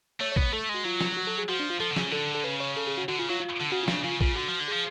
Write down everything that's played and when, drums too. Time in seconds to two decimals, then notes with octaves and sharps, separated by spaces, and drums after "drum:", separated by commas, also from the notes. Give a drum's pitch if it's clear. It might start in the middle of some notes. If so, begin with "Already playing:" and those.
0.20 A3 C#5
0.32 C#5
0.36 B3, drum: kick
0.42 C#5
0.53 A3 A4
0.69 G#3
0.74 F#4
0.84 F#3 F4
1.01 drum: snare
1.17 F#4
1.27 A4
1.38 G#4
1.49 F3 F#4
1.60 D4
1.70 F4
1.80 F3 A4
1.91 D3
1.97 C#3 G#4, drum: snare
2.11 D3 A4
2.35 A4
2.44 C#3 B4
2.60 C#5
2.77 A4
2.87 G#4
2.98 F#4
3.08 D3 F#4
3.19 C#3 F4
3.29 F#3 F4
3.40 F4
3.61 D3
3.71 C#3 F#4
3.83 F4
3.88 C#3, drum: snare
3.93 D4
4.04 C#3 F4
4.21 C#3 F4, drum: kick
4.36 D3 F#4
4.48 F3
4.60 D3
4.68 F3 G#4